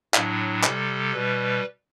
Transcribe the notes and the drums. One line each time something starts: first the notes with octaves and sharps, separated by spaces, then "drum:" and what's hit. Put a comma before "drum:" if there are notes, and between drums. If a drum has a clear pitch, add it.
A2 F#3 D4, drum: clap
C3 G3 A4, drum: clap
B2 G3 B4